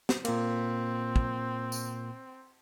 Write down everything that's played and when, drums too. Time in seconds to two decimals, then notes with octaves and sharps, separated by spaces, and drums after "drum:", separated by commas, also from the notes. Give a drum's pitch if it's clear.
0.09 drum: snare
0.25 A#2 A#3 C4, drum: cymbal
1.16 drum: kick
1.72 drum: tambourine